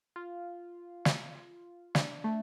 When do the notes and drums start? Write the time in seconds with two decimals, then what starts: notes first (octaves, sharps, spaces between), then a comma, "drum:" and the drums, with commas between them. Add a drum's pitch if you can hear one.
0.16 F4
1.05 drum: snare
1.95 D4, drum: snare
2.24 A3